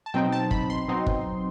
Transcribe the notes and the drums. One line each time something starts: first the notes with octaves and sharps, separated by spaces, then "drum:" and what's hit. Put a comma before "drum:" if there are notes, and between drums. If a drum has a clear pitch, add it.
A5
B2 F#3 C4 D#4 G5
A5
B5, drum: kick G1
C6
B2 F#3 C4 D#4
drum: kick G1